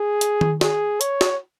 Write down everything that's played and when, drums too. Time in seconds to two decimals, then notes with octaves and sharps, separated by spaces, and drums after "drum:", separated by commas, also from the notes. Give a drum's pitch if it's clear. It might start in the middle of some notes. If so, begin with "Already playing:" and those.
Already playing: G#4
0.21 drum: hi-hat
0.41 drum: tom D#3
0.61 G#4, drum: snare
1.01 C#5, drum: hi-hat
1.21 drum: snare